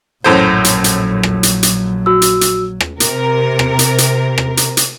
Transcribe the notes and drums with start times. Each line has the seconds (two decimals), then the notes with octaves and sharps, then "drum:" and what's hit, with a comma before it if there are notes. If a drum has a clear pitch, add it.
0.24 A#1 F#2 A2 F#3 C5
0.64 drum: hi-hat
0.84 drum: hi-hat
1.23 drum: rim click
1.43 drum: hi-hat
1.63 drum: hi-hat
2.06 F#4 E6
2.22 drum: hi-hat
2.41 drum: hi-hat
2.81 drum: rim click
3.00 C3 A#4, drum: hi-hat
3.59 drum: rim click
3.79 drum: hi-hat
3.98 drum: hi-hat
4.38 drum: rim click
4.57 drum: hi-hat
4.77 drum: hi-hat